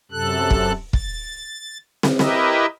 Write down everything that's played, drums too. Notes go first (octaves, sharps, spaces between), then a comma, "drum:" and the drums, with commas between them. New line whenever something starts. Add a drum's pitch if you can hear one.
F#2 C3 A4 F#6
drum: kick
A6, drum: kick
drum: snare
E4 G4 A#4 B4 D#5 E5, drum: snare